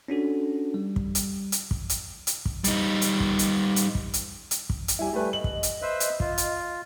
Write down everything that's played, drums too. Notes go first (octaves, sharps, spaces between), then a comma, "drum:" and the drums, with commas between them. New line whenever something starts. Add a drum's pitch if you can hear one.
C#4 D4 F#4 A4
G3
drum: kick
drum: hi-hat
drum: hi-hat
drum: kick
drum: hi-hat
drum: hi-hat
drum: kick
G3 D#4, drum: hi-hat
drum: hi-hat
drum: kick
drum: hi-hat
drum: hi-hat
drum: kick
drum: hi-hat
drum: hi-hat
drum: kick
drum: hi-hat
G3 E4 G#5
G3 A3 B4
D#5 F#7
drum: kick
drum: hi-hat
B4 C5 E5
drum: hi-hat
F4, drum: kick
drum: hi-hat